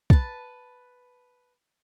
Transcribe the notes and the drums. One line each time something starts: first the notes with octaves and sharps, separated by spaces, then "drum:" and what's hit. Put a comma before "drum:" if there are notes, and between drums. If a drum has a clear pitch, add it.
B4 A5, drum: kick